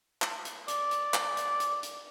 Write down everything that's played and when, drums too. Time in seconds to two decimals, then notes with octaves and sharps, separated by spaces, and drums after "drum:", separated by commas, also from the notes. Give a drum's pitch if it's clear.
0.22 drum: clap
0.45 drum: hi-hat
0.68 D5, drum: hi-hat
0.91 drum: hi-hat
1.14 drum: clap
1.37 drum: hi-hat
1.60 drum: hi-hat
1.83 drum: hi-hat